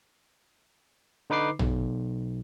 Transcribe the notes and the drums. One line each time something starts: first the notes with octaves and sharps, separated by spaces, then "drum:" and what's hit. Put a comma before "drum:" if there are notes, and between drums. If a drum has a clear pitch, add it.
D3 D#4 B4 D6 C7
B1, drum: tom A#1